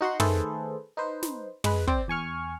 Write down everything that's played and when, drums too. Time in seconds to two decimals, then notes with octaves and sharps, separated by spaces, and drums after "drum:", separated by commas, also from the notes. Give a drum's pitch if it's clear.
0.01 D#4 F#4 F#5 C6
0.20 D#3 A3 G#4 A4 B4 C5, drum: tom
0.97 D#4 B4 C5
1.23 drum: snare
1.64 G#3 B4, drum: tom
1.87 C4 D5 G5, drum: kick
2.08 E2 G#5 C#6 F6